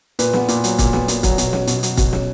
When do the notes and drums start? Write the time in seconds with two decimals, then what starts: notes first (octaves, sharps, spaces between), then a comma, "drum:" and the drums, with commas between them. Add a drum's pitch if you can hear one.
0.19 A#2 B4, drum: hi-hat
0.33 B3, drum: snare
0.48 A#2, drum: hi-hat
0.64 F#3, drum: hi-hat
0.78 A#2, drum: kick, hi-hat
0.93 B3, drum: snare
1.08 A#2, drum: hi-hat
1.23 F#3, drum: kick, hi-hat
1.38 B2, drum: hi-hat
1.53 C#4, drum: snare
1.67 B2, drum: hi-hat
1.83 F#3, drum: hi-hat
1.97 B2, drum: kick, hi-hat
2.13 C#4, drum: snare